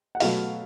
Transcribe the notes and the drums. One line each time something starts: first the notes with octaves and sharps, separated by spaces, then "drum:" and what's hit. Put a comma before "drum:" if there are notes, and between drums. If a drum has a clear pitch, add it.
F#5
B2 F#3 A3 F5, drum: open hi-hat